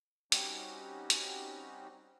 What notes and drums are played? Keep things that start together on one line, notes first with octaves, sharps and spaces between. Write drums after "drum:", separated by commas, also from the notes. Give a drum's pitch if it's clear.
G3 C4 C#4 D#4 F#4 G4, drum: hi-hat
drum: hi-hat